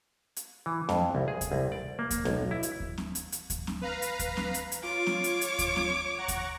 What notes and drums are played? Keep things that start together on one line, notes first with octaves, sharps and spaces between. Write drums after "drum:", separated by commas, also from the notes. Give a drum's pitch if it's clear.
drum: hi-hat
E3
F2, drum: snare
C2
G#4
drum: kick D#2, hi-hat
C2
D5
A#3
drum: kick D#2, hi-hat
B1, drum: snare
E4
drum: hi-hat
drum: kick D#2
drum: snare
drum: hi-hat
drum: hi-hat
drum: kick D#2, hi-hat
drum: snare
B4 F5 A#5
drum: hi-hat
drum: kick D#2, hi-hat
drum: snare
drum: hi-hat
drum: hi-hat
F4 C#5 D6
drum: snare
drum: hi-hat
drum: hi-hat
drum: kick D#2, hi-hat
drum: snare
F#5 A#5 C#6
drum: kick D#2, hi-hat